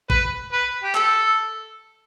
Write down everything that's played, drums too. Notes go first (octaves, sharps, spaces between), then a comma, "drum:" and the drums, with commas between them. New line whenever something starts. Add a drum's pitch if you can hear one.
B4, drum: kick A1
B4
G4
A4, drum: clap